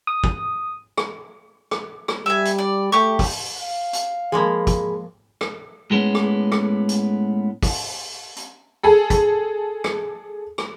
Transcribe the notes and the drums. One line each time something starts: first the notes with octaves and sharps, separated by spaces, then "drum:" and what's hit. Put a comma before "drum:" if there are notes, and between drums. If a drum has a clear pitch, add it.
D#6
drum: kick
drum: rim click
drum: rim click
drum: rim click
G3 E5 G#5
drum: hi-hat
D5
A3 G4 C#6
drum: kick, open hi-hat
F5
drum: hi-hat
F3 G#3 A#3 G#4 A#4 B5
drum: kick, hi-hat
drum: rim click
A2 G#3 B3 C#4
drum: rim click
drum: rim click
drum: hi-hat
drum: kick, open hi-hat
drum: hi-hat
G#4 A4
drum: kick, hi-hat
drum: rim click
drum: rim click